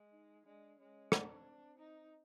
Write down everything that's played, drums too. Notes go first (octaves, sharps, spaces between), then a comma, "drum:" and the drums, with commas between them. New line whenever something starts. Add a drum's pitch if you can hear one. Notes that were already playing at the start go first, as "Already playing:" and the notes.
Already playing: G#3
D#4
G#3 D4
G#3 C#4
C4 D4, drum: rim click
D#4